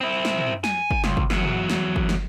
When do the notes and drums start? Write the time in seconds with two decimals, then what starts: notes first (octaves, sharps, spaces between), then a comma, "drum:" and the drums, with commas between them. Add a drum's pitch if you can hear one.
0.01 C4 E4
0.25 drum: snare
0.38 drum: tom
0.64 G#5, drum: snare
0.91 drum: kick
1.04 C#2, drum: snare
1.17 drum: kick
1.30 E2 F#3, drum: snare
1.43 drum: tom
1.70 drum: snare
1.96 drum: kick
2.09 drum: snare